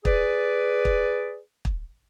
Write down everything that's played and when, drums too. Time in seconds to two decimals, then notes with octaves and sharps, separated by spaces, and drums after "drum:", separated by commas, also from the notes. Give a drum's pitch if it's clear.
0.05 G#4 B4 D5, drum: kick
0.85 drum: kick
1.65 drum: kick